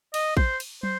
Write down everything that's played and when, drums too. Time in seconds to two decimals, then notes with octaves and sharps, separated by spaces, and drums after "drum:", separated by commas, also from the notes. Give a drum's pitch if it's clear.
0.14 D#5, drum: cymbal
0.37 C5, drum: kick
0.60 drum: cymbal
0.83 C5, drum: tom